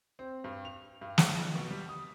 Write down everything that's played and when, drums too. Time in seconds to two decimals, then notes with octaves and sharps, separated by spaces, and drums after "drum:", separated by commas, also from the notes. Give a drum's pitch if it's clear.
0.19 C4
0.44 G2
0.65 F7
1.01 G2
1.18 drum: snare
1.33 F2
1.56 B2
1.70 G3
1.89 D#6